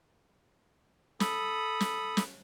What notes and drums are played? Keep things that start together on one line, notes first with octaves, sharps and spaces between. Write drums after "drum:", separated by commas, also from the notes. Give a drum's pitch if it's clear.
A4 B5 D#6, drum: snare
drum: snare
drum: snare